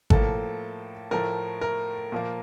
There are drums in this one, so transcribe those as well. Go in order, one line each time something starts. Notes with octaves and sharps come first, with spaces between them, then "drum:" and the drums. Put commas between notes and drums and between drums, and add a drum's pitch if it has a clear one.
A2 F3 A#3 A4, drum: kick G#1
A2 F3 A3 A#4
A#4
A#2 F3 A#3